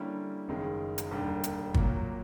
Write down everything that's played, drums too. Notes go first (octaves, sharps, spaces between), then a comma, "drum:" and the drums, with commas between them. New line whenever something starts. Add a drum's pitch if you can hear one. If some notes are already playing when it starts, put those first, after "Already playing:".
Already playing: D3 G3 A#3 C#4 E4
F#1 F#2 D#3 G#3
drum: hi-hat
E1 D#2 D3 G3
drum: hi-hat
A#2 F#3 A#3, drum: kick G1